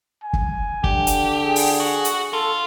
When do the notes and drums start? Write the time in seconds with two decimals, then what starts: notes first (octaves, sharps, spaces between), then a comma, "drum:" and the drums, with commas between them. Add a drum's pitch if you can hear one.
0.24 G#5
0.33 drum: kick
0.84 D3 G4, drum: kick
1.07 drum: hi-hat
1.44 G#4
1.56 drum: open hi-hat
1.80 F#4
2.05 drum: hi-hat
2.33 F4 A4